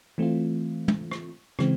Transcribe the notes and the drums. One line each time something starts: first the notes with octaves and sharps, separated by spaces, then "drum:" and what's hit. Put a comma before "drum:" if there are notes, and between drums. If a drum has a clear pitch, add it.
E3 A3 C4 F4
drum: tom
drum: rim click
C#3 E3 G#3 C4, drum: rim click